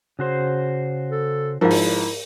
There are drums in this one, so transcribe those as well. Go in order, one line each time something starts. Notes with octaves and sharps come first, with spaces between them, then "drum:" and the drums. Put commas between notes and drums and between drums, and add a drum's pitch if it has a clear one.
C#3 F#4 C5
A4
G#2 F3 E4 A#4 F5
drum: open hi-hat